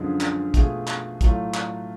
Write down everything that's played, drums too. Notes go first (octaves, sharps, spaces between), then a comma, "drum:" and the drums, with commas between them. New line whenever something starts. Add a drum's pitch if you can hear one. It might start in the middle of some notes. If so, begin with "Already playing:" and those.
Already playing: F#2 D3 F3 G#3
drum: clap
B2 A3 F4 G#4, drum: kick, hi-hat
drum: clap
A2 F#3 A3 F4, drum: kick, hi-hat
drum: clap